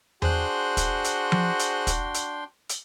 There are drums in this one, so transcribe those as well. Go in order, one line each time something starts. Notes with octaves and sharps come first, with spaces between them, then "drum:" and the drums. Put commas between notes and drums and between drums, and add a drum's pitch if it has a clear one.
D4 F#4 G#4 C5 G5 C6 F#6, drum: tom E2
drum: kick, hi-hat
drum: hi-hat
drum: tom F3
drum: hi-hat
drum: kick, hi-hat
drum: hi-hat
drum: hi-hat